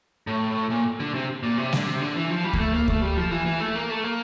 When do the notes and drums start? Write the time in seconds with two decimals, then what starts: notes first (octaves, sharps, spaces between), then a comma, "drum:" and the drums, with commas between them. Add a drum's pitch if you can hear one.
0.27 A2
0.70 A#2
1.00 D3
1.14 C3
1.43 A#2
1.58 C3
1.73 D3, drum: snare G3
1.86 C3
2.01 D3
2.16 E3
2.30 F3
2.44 G3
2.53 A#3, drum: kick D2
2.59 A3
2.74 A#3
2.88 A3, drum: kick D2
3.02 G3
3.17 F3
3.31 E3
3.46 E3
3.60 A3
3.75 A#3
3.90 A3
4.04 A#3